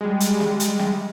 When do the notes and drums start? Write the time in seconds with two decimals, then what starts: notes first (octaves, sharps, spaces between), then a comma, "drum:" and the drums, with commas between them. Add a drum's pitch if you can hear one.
0.01 G3 G#3
0.20 drum: hi-hat
0.40 drum: snare
0.60 drum: hi-hat
0.79 drum: snare